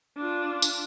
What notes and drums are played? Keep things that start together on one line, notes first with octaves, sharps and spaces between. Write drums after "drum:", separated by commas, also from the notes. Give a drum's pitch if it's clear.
D4 F4
drum: tambourine